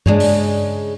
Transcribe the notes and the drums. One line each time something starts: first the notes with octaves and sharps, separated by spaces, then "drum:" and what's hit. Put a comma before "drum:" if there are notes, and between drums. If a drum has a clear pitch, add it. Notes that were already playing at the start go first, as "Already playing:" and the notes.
C#3 G#3 D4, drum: tom G2
drum: open hi-hat